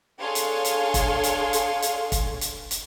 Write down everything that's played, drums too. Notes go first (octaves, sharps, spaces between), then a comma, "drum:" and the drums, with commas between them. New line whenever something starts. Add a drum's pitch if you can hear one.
D4 G#4 A4 C#5 F5 C6
drum: hi-hat
drum: hi-hat
drum: kick, hi-hat
drum: hi-hat
drum: hi-hat
drum: hi-hat
drum: kick, hi-hat
drum: hi-hat
drum: hi-hat